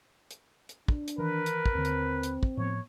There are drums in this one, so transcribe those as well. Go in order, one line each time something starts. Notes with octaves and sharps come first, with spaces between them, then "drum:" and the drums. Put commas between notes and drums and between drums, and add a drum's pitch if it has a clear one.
drum: hi-hat
drum: hi-hat
D4, drum: kick
drum: hi-hat
D#3 E3 A#4 B4
drum: hi-hat
drum: kick
D#2 D3 C4
drum: hi-hat
drum: hi-hat
drum: kick
A2 F3 B3 C#5